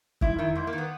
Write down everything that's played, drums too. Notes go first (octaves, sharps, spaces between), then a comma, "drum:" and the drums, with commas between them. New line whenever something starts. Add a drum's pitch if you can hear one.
G#2 E4, drum: kick F2
D#3 E4
G#2 E4
A#3
D#3
B3